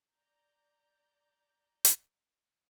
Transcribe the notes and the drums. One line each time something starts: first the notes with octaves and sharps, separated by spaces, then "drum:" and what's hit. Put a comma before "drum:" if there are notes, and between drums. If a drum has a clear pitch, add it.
D5 A#5 G6
drum: hi-hat